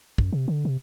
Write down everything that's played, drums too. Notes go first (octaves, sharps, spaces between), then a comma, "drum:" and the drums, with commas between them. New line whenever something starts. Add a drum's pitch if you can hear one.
F#2, drum: kick
C3
D3
C3